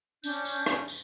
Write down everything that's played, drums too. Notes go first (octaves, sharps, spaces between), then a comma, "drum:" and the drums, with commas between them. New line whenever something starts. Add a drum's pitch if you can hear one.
C#4 D4 G6, drum: tambourine
drum: tambourine
drum: rim click
drum: tambourine